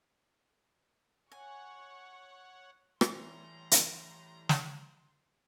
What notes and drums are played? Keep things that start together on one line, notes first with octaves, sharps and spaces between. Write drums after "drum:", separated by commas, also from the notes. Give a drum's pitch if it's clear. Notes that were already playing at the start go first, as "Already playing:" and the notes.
C#5 F#5 G#5 C#6
A2 E3 G3 C#5 A#5 C6, drum: rim click
drum: hi-hat
drum: snare